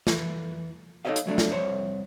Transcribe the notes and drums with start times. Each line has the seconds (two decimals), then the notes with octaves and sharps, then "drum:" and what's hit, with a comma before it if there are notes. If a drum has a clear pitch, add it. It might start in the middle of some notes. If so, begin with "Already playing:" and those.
0.07 E3, drum: snare
1.05 D#4 A4 A#4 C#5 D#5 F5
1.16 drum: hi-hat
1.26 C2 F#3 A3 D4
1.38 drum: snare
1.51 C2 C5 C#5